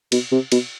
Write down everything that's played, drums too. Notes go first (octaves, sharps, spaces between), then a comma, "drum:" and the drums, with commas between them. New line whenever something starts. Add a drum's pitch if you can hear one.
B2, drum: cymbal
C3
B2, drum: cymbal